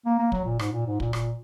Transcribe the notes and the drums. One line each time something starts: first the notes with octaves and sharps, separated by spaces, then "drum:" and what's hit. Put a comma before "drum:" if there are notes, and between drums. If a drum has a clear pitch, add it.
A#3
A#3
F#3, drum: kick
A#2
G#2, drum: rim click
A#2
G#2
A#2, drum: kick
A#2, drum: rim click